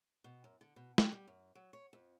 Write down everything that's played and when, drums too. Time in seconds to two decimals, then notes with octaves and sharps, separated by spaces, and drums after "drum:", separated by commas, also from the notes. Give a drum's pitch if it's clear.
0.24 B2
0.44 F#2
0.61 D3
0.76 B2
0.98 G5, drum: snare
1.12 G3
1.27 F#2
1.55 F#3
1.73 C#5
1.93 F2